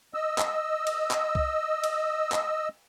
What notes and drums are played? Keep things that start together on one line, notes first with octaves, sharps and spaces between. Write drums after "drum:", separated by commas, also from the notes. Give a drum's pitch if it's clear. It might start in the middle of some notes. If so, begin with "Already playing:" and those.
D#5 E6
drum: clap
drum: cymbal
drum: clap
drum: kick C2
drum: cymbal
drum: clap